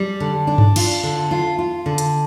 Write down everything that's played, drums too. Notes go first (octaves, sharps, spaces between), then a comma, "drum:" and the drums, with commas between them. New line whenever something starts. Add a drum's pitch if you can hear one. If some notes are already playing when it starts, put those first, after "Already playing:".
Already playing: G3
D3
D4
drum: tom G2
F4, drum: cymbal
D3
F4
F4
D3
drum: hi-hat